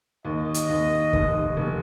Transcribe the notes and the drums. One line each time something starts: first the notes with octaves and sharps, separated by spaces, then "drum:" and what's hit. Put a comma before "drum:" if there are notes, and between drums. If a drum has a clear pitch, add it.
D#2 D#5
drum: hi-hat
D#2
F1, drum: kick
F1